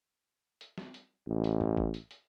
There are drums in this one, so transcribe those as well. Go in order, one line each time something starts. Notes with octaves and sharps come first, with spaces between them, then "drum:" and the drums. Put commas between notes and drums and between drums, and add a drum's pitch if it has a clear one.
drum: hi-hat
drum: snare
drum: hi-hat
A1
drum: hi-hat
drum: tom
drum: kick G1
drum: hi-hat
drum: hi-hat